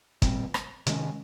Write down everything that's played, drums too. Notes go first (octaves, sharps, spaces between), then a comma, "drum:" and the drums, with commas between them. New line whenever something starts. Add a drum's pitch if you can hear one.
A#2 G3 C4, drum: kick, hi-hat
drum: rim click
C3 D#3 G#3 C#4, drum: hi-hat